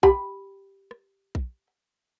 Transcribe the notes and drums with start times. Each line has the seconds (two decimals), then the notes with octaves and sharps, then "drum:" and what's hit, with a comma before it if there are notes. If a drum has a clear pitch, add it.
0.03 G4 B5, drum: kick A#1
0.91 drum: rim click
1.35 drum: kick A#1